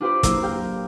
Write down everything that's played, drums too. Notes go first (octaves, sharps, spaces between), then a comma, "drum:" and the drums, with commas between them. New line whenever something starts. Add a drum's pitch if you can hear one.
D4 F4 G4 B4 C5 D5
F#1 A#3 A#4 E6 C7, drum: kick, hi-hat
G4 A#4 F5 G5